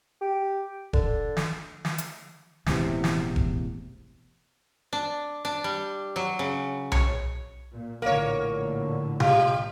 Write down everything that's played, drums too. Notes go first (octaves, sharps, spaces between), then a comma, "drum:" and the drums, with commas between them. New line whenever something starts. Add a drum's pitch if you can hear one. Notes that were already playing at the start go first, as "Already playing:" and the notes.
G4
D3, drum: kick E1
drum: snare
drum: snare
drum: hi-hat
E1 A1 E2 C3, drum: snare
drum: snare
drum: kick E1
D4
D4
G3
F#3
C#3
C#5, drum: tom B1
A#2
A#1 A2 D3 A#3 A#4 C#5
G3 F4 G4, drum: tom C3